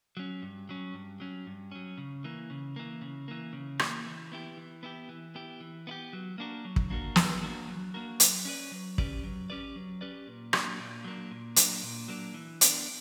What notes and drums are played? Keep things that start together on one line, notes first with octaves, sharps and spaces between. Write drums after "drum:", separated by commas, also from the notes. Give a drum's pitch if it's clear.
F#3 C#4
G2
F#3 C#4
G2
F#3 C#4
G2
F#3 C#4
C#3
E3 A#3
C#3
E3 A#3
C#3
E3 A#3
C#3
E3 A#3, drum: rim click
E3
B3 E4 G4
E3
B3 E4 G4
E3
B3 E4 G4
E3
B3 E4 G4
F#3
A#3 D4 F#4 A#4
F#3
drum: kick
A#3 D4 F#4 A#4
F#3, drum: snare
A#3 D4 F#4 A#4
F#3
A#3 D4 F#4 A#4
F#3, drum: hi-hat
C#4 G4 B4 D5
F#3
C#4 G4 B4 D5, drum: kick
F#3
C#4 G4 B4 D5
F#3
C#4 G4 B4 D5
A#2
F#3 A#3 D4, drum: rim click
A#2
F#3 A#3 D4
A#2
F#3 A#3 D4, drum: hi-hat
A#2
F#3 A#3 D4
E3
B3 D4 A#4 D5, drum: hi-hat